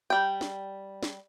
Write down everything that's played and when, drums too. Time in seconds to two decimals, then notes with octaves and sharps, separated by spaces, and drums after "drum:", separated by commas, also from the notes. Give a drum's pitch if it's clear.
0.10 G3 G5
0.41 drum: snare
1.03 drum: snare